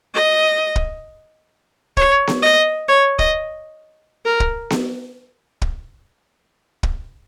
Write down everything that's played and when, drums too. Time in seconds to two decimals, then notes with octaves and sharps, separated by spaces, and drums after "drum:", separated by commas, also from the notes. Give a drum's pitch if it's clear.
0.15 D#5
0.76 drum: kick
1.97 C#5, drum: kick
2.27 drum: snare B3
2.42 D#5
2.88 C#5
3.19 D#5, drum: kick
4.25 A#4
4.40 drum: kick
4.70 drum: snare B3
5.62 drum: kick
6.83 drum: kick